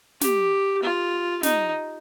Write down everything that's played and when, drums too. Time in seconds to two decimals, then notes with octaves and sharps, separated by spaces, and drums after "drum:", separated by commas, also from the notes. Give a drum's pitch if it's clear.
0.21 G4, drum: snare
0.82 F4
1.43 D#4, drum: snare